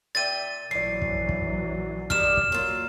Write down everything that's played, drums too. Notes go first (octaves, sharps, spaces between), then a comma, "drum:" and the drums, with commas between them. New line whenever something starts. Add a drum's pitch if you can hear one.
A#2 E5 G5 A6 D#7
A#1 A2 E3 F#3 D5 C7
drum: kick
drum: kick
D#3 G3 D#5 F6 E7, drum: kick
drum: kick
F#3 A#3 F4